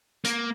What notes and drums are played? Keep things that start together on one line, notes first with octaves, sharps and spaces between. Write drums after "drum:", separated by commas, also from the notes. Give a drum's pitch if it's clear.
A#3, drum: hi-hat